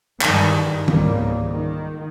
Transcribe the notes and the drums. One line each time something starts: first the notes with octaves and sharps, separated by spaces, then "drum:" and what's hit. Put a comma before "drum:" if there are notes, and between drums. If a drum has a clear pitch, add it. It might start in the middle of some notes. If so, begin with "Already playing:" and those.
G2 D#3 E3 G3 G#3, drum: clap
C#2 G#2 G3 A#3, drum: tom
D#3